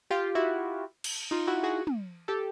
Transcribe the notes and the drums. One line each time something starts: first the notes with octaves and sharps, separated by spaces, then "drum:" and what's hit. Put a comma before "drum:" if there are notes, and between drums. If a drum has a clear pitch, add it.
F4 G4
E4 F#4
drum: cymbal
D#4 F4
E4 F#4
F#4 G#4
drum: tom
G4 A4